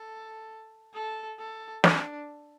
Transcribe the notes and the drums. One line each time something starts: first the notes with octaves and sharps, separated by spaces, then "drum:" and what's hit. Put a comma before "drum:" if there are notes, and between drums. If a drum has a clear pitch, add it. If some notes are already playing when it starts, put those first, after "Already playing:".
Already playing: A4
A4
A4
D4, drum: snare